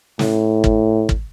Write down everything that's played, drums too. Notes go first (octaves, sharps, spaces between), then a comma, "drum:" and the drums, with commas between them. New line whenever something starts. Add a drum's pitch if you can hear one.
A2, drum: snare
drum: kick
drum: kick